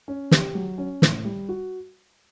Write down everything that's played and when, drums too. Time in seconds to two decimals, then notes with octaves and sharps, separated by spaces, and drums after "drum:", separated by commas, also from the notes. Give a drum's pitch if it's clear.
0.08 C#4
0.31 G4, drum: snare
0.55 F#3
0.78 C#4
1.02 A2, drum: snare
1.25 G3
1.49 F#4